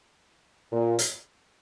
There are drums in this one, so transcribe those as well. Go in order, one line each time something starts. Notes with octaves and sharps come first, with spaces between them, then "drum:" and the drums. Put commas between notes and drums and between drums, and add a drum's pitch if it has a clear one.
A#2
drum: hi-hat